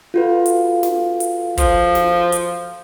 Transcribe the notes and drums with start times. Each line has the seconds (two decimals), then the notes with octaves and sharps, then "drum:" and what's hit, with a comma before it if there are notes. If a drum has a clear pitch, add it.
0.14 F4 F#4 A4 B4 F5
0.46 drum: hi-hat
0.83 drum: snare
1.20 drum: hi-hat
1.58 F3, drum: kick, hi-hat
1.95 drum: snare
2.32 drum: hi-hat